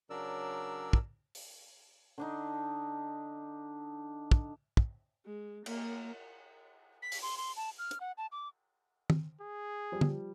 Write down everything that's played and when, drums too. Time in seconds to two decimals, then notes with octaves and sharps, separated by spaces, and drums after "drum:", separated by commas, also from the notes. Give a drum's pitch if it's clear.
0.10 C#3 F#3 D4 A#4 D5 E6
0.93 drum: kick
1.35 drum: open hi-hat
2.18 D3 D4 D#4
4.31 drum: kick
4.77 drum: kick
5.25 G#3
5.66 A#3, drum: cymbal
7.02 B6
7.12 drum: open hi-hat
7.22 C6
7.37 C6
7.56 A5
7.78 F6
7.91 drum: hi-hat
8.00 F#5
8.18 A5
8.32 D6
9.10 drum: tom
9.41 G#4
9.92 F3 G3
10.01 drum: tom